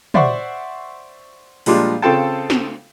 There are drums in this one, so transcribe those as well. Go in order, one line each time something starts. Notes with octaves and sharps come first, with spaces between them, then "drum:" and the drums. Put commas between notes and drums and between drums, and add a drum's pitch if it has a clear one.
C5 D5 E5 F#5 C#6, drum: tom
A#2 F3 G3 G#3 D4 F4, drum: open hi-hat
C#3 C4 F4 A4 G5 A5
drum: snare